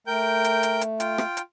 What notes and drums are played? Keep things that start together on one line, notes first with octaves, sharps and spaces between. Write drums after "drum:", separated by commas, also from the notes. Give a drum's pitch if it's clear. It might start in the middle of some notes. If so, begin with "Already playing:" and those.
A3 A#4 G5 G6
drum: hi-hat
drum: hi-hat
drum: hi-hat
F4 G5, drum: hi-hat
drum: rim click
drum: hi-hat